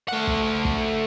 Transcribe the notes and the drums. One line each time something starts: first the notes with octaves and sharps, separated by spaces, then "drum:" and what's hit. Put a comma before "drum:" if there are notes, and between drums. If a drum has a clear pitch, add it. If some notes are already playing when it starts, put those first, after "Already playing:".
A3 F#5
drum: kick
drum: kick